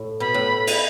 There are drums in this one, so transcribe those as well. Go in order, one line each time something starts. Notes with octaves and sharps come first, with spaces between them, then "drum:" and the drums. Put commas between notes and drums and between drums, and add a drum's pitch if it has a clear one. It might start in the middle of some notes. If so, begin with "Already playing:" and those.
Already playing: A2
B2 B5
A2
drum: cymbal